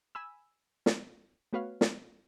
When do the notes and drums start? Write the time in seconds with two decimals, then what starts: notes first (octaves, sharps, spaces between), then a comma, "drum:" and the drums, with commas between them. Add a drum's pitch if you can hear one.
0.15 G#5 B5 E6
0.86 drum: snare
1.53 A3 B3 F#4 B4 C#5 F5
1.81 drum: snare